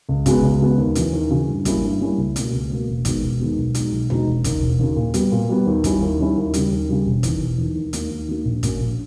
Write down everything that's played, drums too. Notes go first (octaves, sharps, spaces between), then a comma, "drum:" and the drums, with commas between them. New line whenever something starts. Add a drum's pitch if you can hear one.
C#2
C#3 G#3 B3, drum: kick, hi-hat
C#2
C#3 G#3 B3
D#2
C#3 E3, drum: hi-hat
D#2
C#3 E3
G2
G3 A#3 C#4 E4, drum: kick, hi-hat
G2
G3 A#3 C#4 E4
C#2
B2 A#3, drum: hi-hat
C#2
B2 A#3
E1
D#2 D#3 G#3 B3, drum: kick, hi-hat
E1
D#2 D#3 G#3 B3
B1
B2 G#3 D#4, drum: hi-hat
B1
B2 G#3 D#4, drum: tom D#2
E1
D#2 C#3, drum: kick, hi-hat
E1
D#2 C#3
A#2
G3 B3, drum: hi-hat
A#2
G3 B3
D#2
D#3 G3 C#4 E4, drum: kick, hi-hat
D#2
D#3 G3 C#4 E4
D#2
C#3 G3, drum: hi-hat
D#2
C#3 G3
E1
E2 D#3, drum: kick, hi-hat
E1
E2 D#3
D#2
D#3 A#3, drum: hi-hat
D#2
D#3 A#3
A#1
A#2 A#3 C#4, drum: kick, hi-hat
A#1